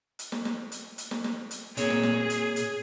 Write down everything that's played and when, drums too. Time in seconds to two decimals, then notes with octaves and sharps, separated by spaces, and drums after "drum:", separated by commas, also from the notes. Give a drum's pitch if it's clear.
0.19 drum: hi-hat
0.32 drum: snare
0.45 drum: snare
0.72 drum: hi-hat
0.98 drum: hi-hat
1.11 drum: snare
1.24 drum: snare
1.51 drum: hi-hat
1.77 A#2 C4 G#4 C#5, drum: hi-hat
1.90 drum: snare
2.03 drum: snare
2.30 drum: hi-hat
2.56 drum: hi-hat